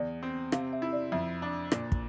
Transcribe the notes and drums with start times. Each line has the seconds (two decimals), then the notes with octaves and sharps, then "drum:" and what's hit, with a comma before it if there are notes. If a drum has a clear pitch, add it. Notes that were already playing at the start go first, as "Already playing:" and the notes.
Already playing: E2 D5
0.23 C4
0.52 C3 F5, drum: rim click
0.73 E5
0.82 E4
0.93 D5
1.12 F2 E5
1.42 D4
1.72 A#2 D5, drum: rim click
1.92 drum: kick